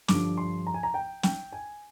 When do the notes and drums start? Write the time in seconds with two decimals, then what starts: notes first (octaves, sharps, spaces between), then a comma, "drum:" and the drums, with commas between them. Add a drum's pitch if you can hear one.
0.08 G2 D3 F3 D6, drum: snare
0.38 C6
0.67 A#5
0.74 G#5
0.83 A#5
0.94 G5
1.23 G5, drum: snare
1.53 G#5